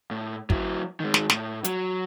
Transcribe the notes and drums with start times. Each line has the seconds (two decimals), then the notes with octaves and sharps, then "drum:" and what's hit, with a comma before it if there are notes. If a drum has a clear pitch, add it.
0.11 A2
0.50 F#3 E4, drum: kick
1.00 D#3 G#3
1.14 drum: snare
1.30 A2, drum: snare
1.64 F#3, drum: hi-hat